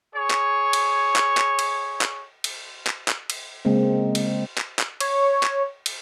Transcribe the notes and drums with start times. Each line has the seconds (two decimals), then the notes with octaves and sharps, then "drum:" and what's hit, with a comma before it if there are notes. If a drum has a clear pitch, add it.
0.14 G#4 C#5
0.31 drum: clap
0.73 drum: cymbal
1.16 drum: clap
1.37 drum: clap
1.59 drum: cymbal
2.01 drum: clap
2.44 drum: cymbal
2.87 drum: clap
3.08 drum: clap
3.30 drum: cymbal
3.65 C#3 G#3 A#3 C4
4.15 drum: cymbal
4.58 drum: clap
4.79 drum: clap
5.00 C#5, drum: cymbal
5.43 drum: clap
5.86 drum: cymbal